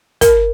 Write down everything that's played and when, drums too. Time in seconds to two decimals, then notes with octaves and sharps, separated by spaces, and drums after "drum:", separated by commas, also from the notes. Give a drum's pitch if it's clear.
0.21 A#4, drum: kick, hi-hat